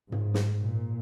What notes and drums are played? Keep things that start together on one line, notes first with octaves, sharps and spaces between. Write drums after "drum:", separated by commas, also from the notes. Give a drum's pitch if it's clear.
G#2, drum: tom
drum: snare
A#2